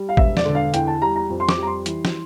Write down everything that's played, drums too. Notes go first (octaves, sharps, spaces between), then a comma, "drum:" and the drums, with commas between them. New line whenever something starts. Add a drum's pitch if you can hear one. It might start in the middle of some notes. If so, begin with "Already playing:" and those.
Already playing: G3
F5
E1 E5, drum: kick
D5, drum: snare
D3
F5
E2 G5, drum: hi-hat
A5
G3 A#5
A#5
F2
C6
D6, drum: snare
G3 A#5
C6
E3, drum: hi-hat
drum: snare